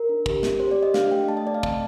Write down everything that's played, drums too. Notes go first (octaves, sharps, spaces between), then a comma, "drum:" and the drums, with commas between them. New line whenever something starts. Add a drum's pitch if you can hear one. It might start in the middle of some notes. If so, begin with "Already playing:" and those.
Already playing: A#4
D4
G4, drum: kick
C4, drum: snare
G4 C5
D5
G4 D#5
D4 F5, drum: snare
A3 G5
A3 A5
D#5
A3 D5
F5
C4 A5, drum: kick